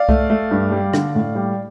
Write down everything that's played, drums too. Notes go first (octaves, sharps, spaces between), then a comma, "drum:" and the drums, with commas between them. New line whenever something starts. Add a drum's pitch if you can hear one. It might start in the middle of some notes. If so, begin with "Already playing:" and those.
Already playing: D5 F5
A3, drum: kick C2
A3
G2
G3
D3, drum: rim click
A2
G3